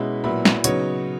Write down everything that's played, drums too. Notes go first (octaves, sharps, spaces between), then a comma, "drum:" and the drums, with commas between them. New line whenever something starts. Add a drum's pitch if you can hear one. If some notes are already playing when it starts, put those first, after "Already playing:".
Already playing: B2 G#3 C#4 E4 B5
A#2 F#3 B3 E4 B5
drum: snare
C#3 F#3 B3 D#4 C#5, drum: hi-hat